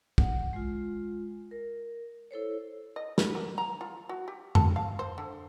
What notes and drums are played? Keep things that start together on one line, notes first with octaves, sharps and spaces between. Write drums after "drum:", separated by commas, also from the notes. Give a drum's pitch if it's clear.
F#5, drum: kick
G#3 F4
A#4
E4 A4 C5 C#5
D#5
B4, drum: snare
A#3
A#5
F4
F#4
G4
A5, drum: tom F2
F5
C5
D3